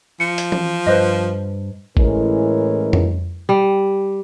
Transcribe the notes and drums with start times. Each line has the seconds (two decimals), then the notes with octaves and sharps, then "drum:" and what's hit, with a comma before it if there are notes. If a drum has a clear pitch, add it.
0.20 F3 C#7
0.38 drum: hi-hat
0.52 drum: tom E3
0.87 G2 B4 C5 D#5
1.97 A2 E3 G#3 C#4 A#4, drum: kick G#1
2.93 drum: tom F2
3.49 G3